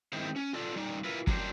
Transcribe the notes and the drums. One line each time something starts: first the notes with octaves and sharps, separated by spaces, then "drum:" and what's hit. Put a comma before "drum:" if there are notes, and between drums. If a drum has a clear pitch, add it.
D#3 G#3 C4 E4 C5
C#4
F4 A4 D5
G3 D#4 D5
E4 F4 A#4 B4
F#3 G3 D4 G4 A#4 C5, drum: kick